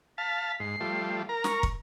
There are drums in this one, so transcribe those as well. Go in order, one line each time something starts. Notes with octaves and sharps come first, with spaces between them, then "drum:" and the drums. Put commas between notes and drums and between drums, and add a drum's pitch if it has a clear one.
F5 A5 B6
G#2 C7
F3 G3 A3
A#4 A#5
C#6, drum: snare
drum: kick